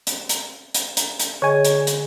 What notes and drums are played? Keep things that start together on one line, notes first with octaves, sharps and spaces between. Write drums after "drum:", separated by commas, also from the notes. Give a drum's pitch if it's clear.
drum: hi-hat
drum: hi-hat
drum: hi-hat
drum: hi-hat
drum: hi-hat
D3 G#4 C#5 D#5 G#5
drum: hi-hat
drum: hi-hat